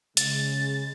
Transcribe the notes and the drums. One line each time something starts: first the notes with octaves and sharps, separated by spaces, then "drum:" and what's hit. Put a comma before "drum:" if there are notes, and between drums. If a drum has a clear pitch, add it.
C#3 G#3 A6, drum: hi-hat